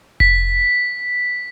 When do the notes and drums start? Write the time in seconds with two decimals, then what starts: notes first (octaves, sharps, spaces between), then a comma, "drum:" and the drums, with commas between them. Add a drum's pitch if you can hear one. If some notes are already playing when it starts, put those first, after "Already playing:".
0.20 B6, drum: kick F1